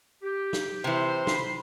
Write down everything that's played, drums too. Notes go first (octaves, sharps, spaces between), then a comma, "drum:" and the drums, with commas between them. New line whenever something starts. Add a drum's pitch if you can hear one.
G4
drum: snare
C3 E3 C5
B5 C6, drum: snare